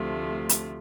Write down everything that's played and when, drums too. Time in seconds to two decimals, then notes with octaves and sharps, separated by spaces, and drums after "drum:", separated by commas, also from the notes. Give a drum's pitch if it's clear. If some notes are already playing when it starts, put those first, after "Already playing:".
Already playing: D2 C3 F3 A3
0.49 drum: hi-hat